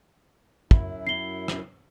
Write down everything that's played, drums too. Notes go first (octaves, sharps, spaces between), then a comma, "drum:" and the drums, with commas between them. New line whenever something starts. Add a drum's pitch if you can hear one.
F#2 E4, drum: kick
C7 G7
drum: rim click